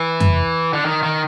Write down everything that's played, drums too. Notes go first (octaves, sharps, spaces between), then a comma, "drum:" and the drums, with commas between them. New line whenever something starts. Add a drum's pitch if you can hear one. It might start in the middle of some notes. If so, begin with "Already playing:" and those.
Already playing: E3
drum: tom F2
D3
D#3
D#3